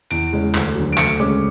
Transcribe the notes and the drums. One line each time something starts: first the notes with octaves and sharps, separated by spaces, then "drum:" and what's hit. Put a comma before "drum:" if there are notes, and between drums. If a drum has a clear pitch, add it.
E2 D7, drum: cymbal
C#3 G#3 C#4
D2, drum: clap
D3 F#3
D7
D2 C#7, drum: clap
C#3 G#3 C#4 D6